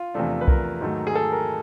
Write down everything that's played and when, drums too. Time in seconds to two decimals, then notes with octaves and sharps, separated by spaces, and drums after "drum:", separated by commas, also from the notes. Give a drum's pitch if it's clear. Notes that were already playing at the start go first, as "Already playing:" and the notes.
Already playing: F4
0.14 E2 C3 F3 A3 D4
0.41 B4
0.48 A#4, drum: kick
0.81 G#2 D#3 F#3 A3
1.07 G#4
1.15 A4
1.32 A#4